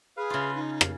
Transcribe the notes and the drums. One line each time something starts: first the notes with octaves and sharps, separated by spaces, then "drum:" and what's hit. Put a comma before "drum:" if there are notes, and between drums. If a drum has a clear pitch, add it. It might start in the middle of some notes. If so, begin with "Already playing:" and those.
G#4 B4 F5
C#3 F4
D#4
F5, drum: rim click